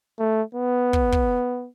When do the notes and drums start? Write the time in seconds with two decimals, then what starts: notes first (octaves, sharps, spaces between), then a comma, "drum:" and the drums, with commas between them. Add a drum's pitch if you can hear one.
0.19 A3
0.55 B3
0.93 drum: kick
1.13 drum: kick